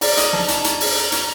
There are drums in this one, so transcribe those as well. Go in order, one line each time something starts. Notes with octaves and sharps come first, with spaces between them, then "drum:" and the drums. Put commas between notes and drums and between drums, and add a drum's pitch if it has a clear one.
D5 A#5, drum: open hi-hat
D#5, drum: hi-hat
A5, drum: snare
A5, drum: hi-hat
A#5, drum: hi-hat
drum: open hi-hat
drum: hi-hat